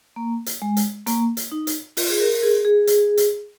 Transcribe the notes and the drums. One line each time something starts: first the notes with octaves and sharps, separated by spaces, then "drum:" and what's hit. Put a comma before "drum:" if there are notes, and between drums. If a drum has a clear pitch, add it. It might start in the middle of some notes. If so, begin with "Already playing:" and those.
A#3
drum: hi-hat
G#3
drum: hi-hat
A#3, drum: hi-hat
drum: hi-hat
D#4
drum: hi-hat
F4, drum: open hi-hat
G#4
A#4
A#4
G#4
G#4
drum: hi-hat
drum: hi-hat